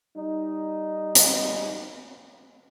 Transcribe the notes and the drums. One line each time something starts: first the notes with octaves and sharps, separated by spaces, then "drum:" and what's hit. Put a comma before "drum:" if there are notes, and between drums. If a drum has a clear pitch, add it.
G3 D#4
drum: hi-hat